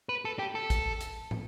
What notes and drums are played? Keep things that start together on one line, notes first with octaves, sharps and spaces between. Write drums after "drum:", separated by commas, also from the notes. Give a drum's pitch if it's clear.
B4
A4
G4
A4
drum: kick, hi-hat
drum: hi-hat
drum: tom